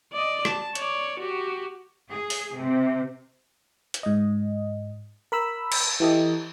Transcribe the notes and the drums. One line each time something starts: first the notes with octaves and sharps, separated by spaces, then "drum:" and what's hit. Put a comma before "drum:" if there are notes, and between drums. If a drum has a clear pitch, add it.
D5 D#5
A5, drum: rim click
C#5 D5, drum: hi-hat
F#4 G4
G#4
drum: open hi-hat
C3
drum: hi-hat
G#2 D#5
A#4 B5 E6
drum: cymbal
E3 E4 G4 A4 D#5